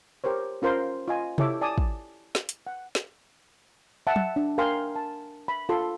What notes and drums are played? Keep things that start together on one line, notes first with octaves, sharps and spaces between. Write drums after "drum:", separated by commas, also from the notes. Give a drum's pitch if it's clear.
G4 A#4 C5 C#5
C#4 F4 A#4 C5 C6
F4 D#5 G#5
E4 G4 A4 C#5 E5 D6, drum: tom C3
D5 G#5 A5 D6 D#6
drum: kick
drum: snare
drum: hi-hat
F#5
drum: snare
E5 F#5 A5
drum: tom
D4
A#4 F5 G5 G#5 C6
A5
B5
F4 A4 C6